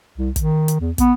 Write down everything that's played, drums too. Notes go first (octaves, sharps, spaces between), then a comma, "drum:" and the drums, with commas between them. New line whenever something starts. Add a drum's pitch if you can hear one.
C2
D#3, drum: kick, hi-hat
drum: hi-hat
E2
B3, drum: kick, hi-hat